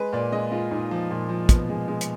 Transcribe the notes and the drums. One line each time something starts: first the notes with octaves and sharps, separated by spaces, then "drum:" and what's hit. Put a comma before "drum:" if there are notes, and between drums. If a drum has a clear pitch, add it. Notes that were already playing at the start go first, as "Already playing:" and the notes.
Already playing: G#3 B4
A#2 D5
G#3 D#5
G#3 F4
A#2 D#4
F3
A#2
F3
B2, drum: kick, hi-hat
G#3
G#3
drum: hi-hat